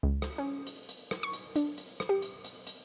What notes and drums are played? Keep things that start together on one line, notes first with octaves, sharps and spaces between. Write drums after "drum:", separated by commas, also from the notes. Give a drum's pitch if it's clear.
C#2
drum: rim click
C#4
drum: hi-hat
drum: hi-hat
drum: rim click
C#6
drum: hi-hat
D4, drum: hi-hat
drum: hi-hat
drum: rim click
G4
drum: hi-hat
drum: hi-hat
drum: hi-hat